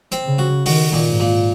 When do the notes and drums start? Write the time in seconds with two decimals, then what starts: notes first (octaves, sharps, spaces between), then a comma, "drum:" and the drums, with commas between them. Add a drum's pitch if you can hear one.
0.12 C4, drum: hi-hat
0.25 C#3
0.38 F#4
0.66 D#3 F#4, drum: open hi-hat
0.93 A#2
1.07 G#2
1.20 A#2